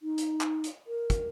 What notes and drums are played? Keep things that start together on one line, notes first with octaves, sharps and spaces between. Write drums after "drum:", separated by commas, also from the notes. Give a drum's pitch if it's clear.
D#4
drum: hi-hat
drum: clap
drum: hi-hat
A#4
drum: kick, hi-hat